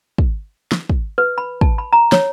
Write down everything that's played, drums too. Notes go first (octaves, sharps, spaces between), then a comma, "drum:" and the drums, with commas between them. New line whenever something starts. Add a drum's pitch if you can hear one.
drum: kick
drum: snare
drum: kick
B4
B5
A5, drum: kick
B5
A#5
C#5, drum: snare